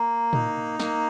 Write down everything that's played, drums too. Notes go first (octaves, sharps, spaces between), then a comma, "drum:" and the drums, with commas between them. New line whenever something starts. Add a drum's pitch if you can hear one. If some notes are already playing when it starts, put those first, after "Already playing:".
Already playing: A#3 A#5
D#4, drum: tom A2
A#3, drum: snare